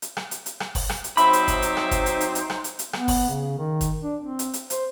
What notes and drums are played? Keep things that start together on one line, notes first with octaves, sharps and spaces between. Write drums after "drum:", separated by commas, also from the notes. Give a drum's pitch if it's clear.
drum: hi-hat
drum: rim click
drum: hi-hat
drum: hi-hat
drum: rim click
drum: kick F#1, open hi-hat
drum: rim click
drum: hi-hat
F#3 C4 D#4 C5 E5 B5 D6, drum: hi-hat
drum: hi-hat
drum: kick F#1, hi-hat
drum: hi-hat
drum: rim click
drum: kick F#1, hi-hat
drum: hi-hat
drum: hi-hat
drum: hi-hat
drum: rim click
drum: hi-hat
drum: hi-hat
B3, drum: rim click
drum: kick F#1, open hi-hat
C#3
D#3
drum: kick F#1, hi-hat
D4
C4
drum: hi-hat
drum: hi-hat
C5, drum: hi-hat